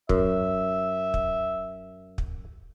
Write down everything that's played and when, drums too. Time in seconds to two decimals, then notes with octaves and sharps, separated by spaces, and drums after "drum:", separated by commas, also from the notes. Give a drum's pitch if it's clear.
0.09 F#2 E5, drum: kick
1.14 drum: kick
2.18 drum: kick